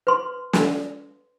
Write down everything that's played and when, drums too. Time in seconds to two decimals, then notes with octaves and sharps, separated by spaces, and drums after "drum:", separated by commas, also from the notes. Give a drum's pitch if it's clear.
0.07 B4 C6
0.53 drum: snare